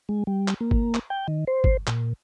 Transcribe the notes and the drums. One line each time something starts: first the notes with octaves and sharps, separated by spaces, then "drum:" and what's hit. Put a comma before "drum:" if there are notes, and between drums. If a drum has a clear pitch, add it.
G#3
G3
drum: clap
A#3
drum: kick
drum: clap
G5
D#3
C5
drum: kick
A#2, drum: clap